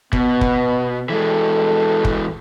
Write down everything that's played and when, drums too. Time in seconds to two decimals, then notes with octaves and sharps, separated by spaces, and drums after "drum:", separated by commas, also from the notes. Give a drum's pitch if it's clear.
0.13 B2 B3, drum: kick
0.41 drum: kick
1.09 E3 G#3 A4
2.05 drum: kick